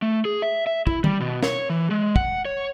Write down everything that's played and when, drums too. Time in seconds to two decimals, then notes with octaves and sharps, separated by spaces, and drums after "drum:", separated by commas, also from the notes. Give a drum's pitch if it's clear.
0.02 A3
0.25 G#4
0.42 E5
0.67 E5
0.87 E4, drum: kick
1.04 G3, drum: tom D#3
1.20 B2
1.43 C#5, drum: snare
1.70 E3
1.91 G#3
2.16 F#5, drum: kick
2.45 C#5